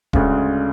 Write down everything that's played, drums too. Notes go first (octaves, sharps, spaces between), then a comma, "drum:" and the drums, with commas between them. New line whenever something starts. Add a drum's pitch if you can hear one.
D2 C#3 G#3, drum: kick D#1